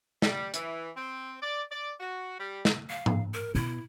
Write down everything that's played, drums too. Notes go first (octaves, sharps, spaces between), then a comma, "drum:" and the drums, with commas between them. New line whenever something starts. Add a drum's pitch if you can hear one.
G3, drum: snare
E3, drum: hi-hat
C4
D5
D5
F#4
G3
drum: snare
F5
drum: tom G#2
A#4
B2 E4